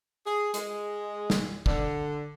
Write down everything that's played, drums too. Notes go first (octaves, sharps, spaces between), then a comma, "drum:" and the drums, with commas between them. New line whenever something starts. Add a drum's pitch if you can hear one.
G#4
G#3, drum: hi-hat
drum: snare
D3, drum: kick